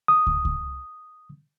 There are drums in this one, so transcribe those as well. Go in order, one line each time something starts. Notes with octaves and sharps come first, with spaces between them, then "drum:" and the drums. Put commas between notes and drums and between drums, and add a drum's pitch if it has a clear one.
D#6
drum: kick
drum: kick